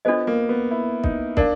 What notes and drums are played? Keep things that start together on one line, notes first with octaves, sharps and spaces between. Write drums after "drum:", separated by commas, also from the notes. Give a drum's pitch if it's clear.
B3 D4 F4 A4 C5 D#5
A#3
B3
E4
D#4, drum: kick
D4 A#4 D5 F5, drum: kick